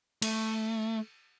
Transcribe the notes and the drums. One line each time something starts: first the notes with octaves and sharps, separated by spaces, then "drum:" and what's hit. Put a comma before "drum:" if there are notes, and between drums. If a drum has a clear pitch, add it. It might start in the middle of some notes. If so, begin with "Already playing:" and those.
A3, drum: cymbal